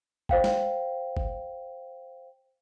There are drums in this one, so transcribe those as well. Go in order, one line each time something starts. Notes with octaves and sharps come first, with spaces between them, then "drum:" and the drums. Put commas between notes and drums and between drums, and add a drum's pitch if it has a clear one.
C5 F5 G5, drum: kick G1
drum: snare
drum: kick G1